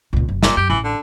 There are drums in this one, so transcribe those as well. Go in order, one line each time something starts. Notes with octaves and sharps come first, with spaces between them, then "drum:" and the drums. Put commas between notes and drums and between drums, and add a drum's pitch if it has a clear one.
C#2 A#2
F#1
A#2, drum: snare
F#2 G4
A1 E3
D3